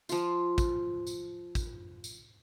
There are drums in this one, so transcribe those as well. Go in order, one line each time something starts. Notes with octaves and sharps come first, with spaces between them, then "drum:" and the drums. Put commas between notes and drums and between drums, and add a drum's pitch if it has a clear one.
F3 F4, drum: tambourine
drum: kick, tambourine
drum: tambourine
drum: kick, tambourine
drum: tambourine